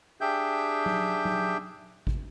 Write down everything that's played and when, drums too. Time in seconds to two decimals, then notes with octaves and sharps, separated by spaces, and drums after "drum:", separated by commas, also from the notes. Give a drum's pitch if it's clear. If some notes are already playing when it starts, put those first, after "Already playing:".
0.21 D4 G4 G#4 E5 G5 G6
0.86 drum: tom F#3
1.25 drum: tom F#3
2.07 drum: kick G#1